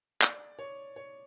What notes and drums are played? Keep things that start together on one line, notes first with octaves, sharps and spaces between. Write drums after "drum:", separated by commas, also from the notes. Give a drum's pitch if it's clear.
D5, drum: clap
C#5
C#5